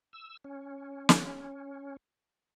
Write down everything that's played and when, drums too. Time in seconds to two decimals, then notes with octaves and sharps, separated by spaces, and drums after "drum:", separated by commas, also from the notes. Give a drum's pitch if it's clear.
0.13 E6
0.44 C#4
1.09 drum: snare